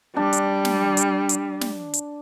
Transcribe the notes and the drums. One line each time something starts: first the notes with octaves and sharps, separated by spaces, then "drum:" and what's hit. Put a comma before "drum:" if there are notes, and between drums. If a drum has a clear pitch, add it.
G3 D4
drum: hi-hat
drum: snare
drum: hi-hat
drum: hi-hat
drum: snare
drum: hi-hat